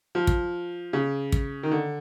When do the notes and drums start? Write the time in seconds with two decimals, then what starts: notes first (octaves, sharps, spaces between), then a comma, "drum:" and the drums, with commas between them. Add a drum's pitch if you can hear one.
0.15 F3
0.27 drum: kick
0.93 C#3
1.32 drum: kick
1.63 D#3
1.71 D3